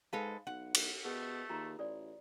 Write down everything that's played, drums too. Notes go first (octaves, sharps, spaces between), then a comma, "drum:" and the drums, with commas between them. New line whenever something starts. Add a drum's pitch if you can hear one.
G#2 G#3 A4 B4 F5
B1 F#5
drum: cymbal
B2 A3 G#4 B4
D#2 F4 A#5 C6
A1 A4 D5